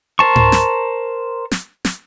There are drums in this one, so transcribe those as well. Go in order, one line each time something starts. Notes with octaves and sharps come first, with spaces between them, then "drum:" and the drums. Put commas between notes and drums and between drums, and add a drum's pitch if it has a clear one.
A#4 C5 A5 C#6
drum: tom G#2
drum: snare
drum: snare
drum: snare